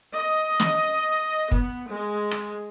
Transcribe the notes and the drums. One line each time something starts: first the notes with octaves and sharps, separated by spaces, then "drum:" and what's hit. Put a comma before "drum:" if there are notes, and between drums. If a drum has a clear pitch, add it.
D#5
drum: snare
B3, drum: kick
G#3
drum: rim click